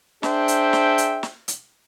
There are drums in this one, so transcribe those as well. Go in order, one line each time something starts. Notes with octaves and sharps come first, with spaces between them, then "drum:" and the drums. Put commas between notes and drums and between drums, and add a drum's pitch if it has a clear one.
D4 G#4 C5 E5 G5, drum: snare
drum: hi-hat
drum: snare
drum: hi-hat
drum: snare
drum: hi-hat